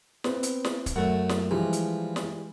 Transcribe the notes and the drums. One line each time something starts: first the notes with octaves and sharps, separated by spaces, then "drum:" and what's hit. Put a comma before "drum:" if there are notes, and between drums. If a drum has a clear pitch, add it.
B3 C4, drum: snare
drum: hi-hat
drum: snare
drum: kick, hi-hat
F#2 A3 F#5
drum: snare
E3 F3 G3 G#3
drum: hi-hat
drum: snare